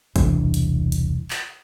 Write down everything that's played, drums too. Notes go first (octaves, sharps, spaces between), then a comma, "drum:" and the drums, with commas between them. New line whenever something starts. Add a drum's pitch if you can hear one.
E1 C2 E3 D4, drum: kick G#1, hi-hat
drum: hi-hat
drum: hi-hat
drum: clap